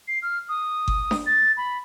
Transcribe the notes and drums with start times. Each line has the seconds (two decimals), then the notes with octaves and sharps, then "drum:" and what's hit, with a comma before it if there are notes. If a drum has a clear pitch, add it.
0.08 C7
0.22 F6
0.49 D#6
0.88 drum: kick G1
1.11 drum: snare D4
1.26 A6
1.57 B5